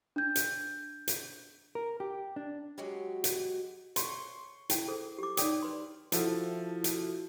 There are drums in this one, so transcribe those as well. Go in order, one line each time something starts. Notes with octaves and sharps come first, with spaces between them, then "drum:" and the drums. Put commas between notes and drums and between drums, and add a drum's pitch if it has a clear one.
D4 G6
drum: hi-hat
drum: hi-hat
A#4
G4
D4
F#3 G#3 F#4 G4
drum: hi-hat
C6 C#6, drum: hi-hat
E4 G5, drum: hi-hat
G#4 A4 C5
G4 D6
D#4 C#5 D5 G5 D#6, drum: hi-hat
B4 C6
F3 E4 F#4 A4, drum: hi-hat
drum: hi-hat